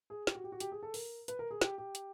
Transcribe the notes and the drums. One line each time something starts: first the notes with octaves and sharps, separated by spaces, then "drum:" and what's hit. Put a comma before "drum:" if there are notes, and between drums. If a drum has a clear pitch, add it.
G#4
G4, drum: snare
F#4
G4
F#4
G4, drum: hi-hat
G#4
A4
A#4, drum: open hi-hat
B4, drum: hi-hat
A#4
G#4
G4, drum: snare
G4
drum: hi-hat